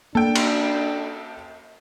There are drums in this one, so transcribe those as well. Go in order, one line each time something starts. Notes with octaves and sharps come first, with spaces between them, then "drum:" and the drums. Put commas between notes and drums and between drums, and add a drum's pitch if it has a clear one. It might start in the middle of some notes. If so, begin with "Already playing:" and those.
A#3 D4 A4 G5
drum: cymbal